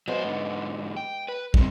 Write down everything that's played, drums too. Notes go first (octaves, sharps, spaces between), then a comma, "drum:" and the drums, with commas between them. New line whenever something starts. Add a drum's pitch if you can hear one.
F#3 G#3 B3 C5 D5
G#2 D3
G5
B4
G3 G#3 C4, drum: kick